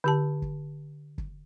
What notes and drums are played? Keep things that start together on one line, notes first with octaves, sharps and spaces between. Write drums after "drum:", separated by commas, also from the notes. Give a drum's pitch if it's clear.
D3 G4 A5
drum: kick
drum: kick